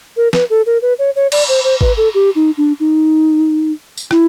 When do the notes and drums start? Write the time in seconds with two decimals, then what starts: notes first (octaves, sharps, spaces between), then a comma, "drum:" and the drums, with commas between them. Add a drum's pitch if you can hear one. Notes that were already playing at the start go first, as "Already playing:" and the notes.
0.17 A#4
0.33 B4, drum: snare
0.50 A4
0.66 A#4
0.82 B4
0.99 C#5
1.16 C#5
1.32 D5, drum: cymbal
1.49 C5
1.64 C5
1.81 B4, drum: kick
1.97 A4
2.14 G4
2.35 D#4
2.57 D4
2.80 D#4
3.98 drum: tambourine
4.11 E4, drum: rim click